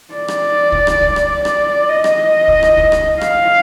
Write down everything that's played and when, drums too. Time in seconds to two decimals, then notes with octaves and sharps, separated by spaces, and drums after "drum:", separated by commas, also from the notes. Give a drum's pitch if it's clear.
0.14 D5
0.28 drum: rim click
0.72 drum: kick C2
0.87 drum: rim click
1.02 drum: kick C2
1.16 drum: rim click
1.45 D5, drum: rim click
1.89 D#5
2.04 drum: rim click
2.48 drum: kick C2
2.63 drum: rim click
2.77 drum: kick C2
2.92 drum: rim click
3.21 F5, drum: rim click